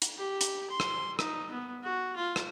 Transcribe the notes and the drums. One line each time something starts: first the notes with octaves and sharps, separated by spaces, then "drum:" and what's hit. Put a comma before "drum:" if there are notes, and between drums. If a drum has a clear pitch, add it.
drum: hi-hat
G4
drum: hi-hat
C6
drum: rim click
D#4, drum: rim click
B3
F#4
F4
drum: rim click